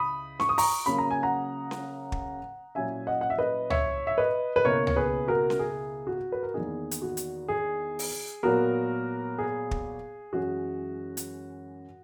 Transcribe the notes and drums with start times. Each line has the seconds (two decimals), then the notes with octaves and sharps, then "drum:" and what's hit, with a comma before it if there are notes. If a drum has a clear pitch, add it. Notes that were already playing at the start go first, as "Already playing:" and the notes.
Already playing: C#2 E4 B5 D#6
0.40 C#6, drum: snare C#4
0.49 D#6
0.58 A#5 C#6, drum: open hi-hat
0.86 C#3 F#3 A#3 B5
0.98 A#5
1.11 G#5
1.23 F#5 A#5
1.71 drum: snare C#4
2.12 drum: kick
2.75 A#2 F#3 C#4 E4 E5 G#5
3.07 D#5 F#5
3.21 F#5
3.30 E5
3.38 B4 D#5
3.70 C#5 E5, drum: tom C#2
4.07 E5
4.18 B4 D#5
4.56 B4
4.65 C#2 B2 A#3 E4 A#4 C#5
4.87 C#5, drum: tom C#2
4.96 G#4 B4
5.28 F#4 A#4
5.50 drum: snare C#4
5.59 G#4
6.07 F#4
6.32 B4
6.43 A#4
6.54 E2 D#3 A#3 D#4 G#4
6.91 drum: hi-hat
7.02 F#4
7.17 drum: hi-hat
7.48 G#4
7.99 drum: open hi-hat
8.43 A#2 F#3 B3 F#4 A#4
9.38 G#4
9.71 drum: kick
10.32 F#2 E3 G#3 F#4
11.17 drum: hi-hat